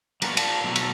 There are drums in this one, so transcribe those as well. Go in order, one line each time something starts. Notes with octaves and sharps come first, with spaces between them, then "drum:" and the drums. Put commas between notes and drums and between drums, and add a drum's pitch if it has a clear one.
F#3 A#3 B3 D4 F4 F#4, drum: cymbal
A#4 D5 F5 A5, drum: cymbal
B2 F#3 A3 A4
drum: cymbal